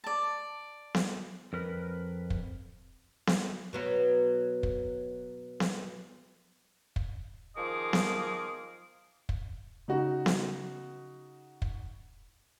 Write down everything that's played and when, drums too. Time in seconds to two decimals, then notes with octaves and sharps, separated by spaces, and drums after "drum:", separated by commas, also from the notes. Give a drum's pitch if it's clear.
0.04 D5 A5
0.94 drum: snare B3
1.53 F2 A#4 B4
2.30 drum: kick
3.27 drum: snare B3
3.73 B2 F#3 B3
4.63 drum: kick
5.60 drum: snare B3
6.96 drum: kick
7.56 D#3 F3 G#4 D#5 F5 D6
7.93 drum: snare B3
9.29 drum: kick
9.88 C#3 D#4 F#4
10.26 drum: snare B3
11.62 drum: kick